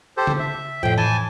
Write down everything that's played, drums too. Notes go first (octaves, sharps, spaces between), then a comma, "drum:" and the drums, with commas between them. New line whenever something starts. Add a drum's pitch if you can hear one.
G4 A4 C5
drum: tom C#3
E5
F2 A2 G5
E3 G#5 A5